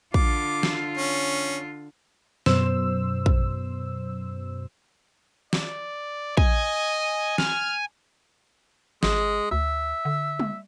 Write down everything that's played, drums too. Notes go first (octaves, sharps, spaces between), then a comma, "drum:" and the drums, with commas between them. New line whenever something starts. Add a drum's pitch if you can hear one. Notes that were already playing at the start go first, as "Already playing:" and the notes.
D3 F4 D6, drum: kick
drum: snare
C#4
F#2 B2 C5 E6, drum: snare
drum: kick
D5, drum: snare
D#5 G#5, drum: kick
F6, drum: snare
G#1 G#3, drum: snare
D2 E5
D3
drum: tom G3